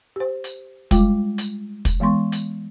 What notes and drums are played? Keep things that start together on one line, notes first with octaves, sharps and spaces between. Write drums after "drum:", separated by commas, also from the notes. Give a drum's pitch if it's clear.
G4 C5
drum: hi-hat
G3 G#3 F4 G5 D6, drum: kick, hi-hat
drum: hi-hat
drum: kick, hi-hat
E3 G#3 B3 C6 C#6
drum: hi-hat